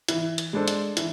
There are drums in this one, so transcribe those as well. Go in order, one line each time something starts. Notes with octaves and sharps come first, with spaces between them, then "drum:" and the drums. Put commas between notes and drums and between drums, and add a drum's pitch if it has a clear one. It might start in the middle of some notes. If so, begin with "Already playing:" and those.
E3, drum: hi-hat
drum: hi-hat
G#3 D4 A4 C5
drum: hi-hat
E3, drum: hi-hat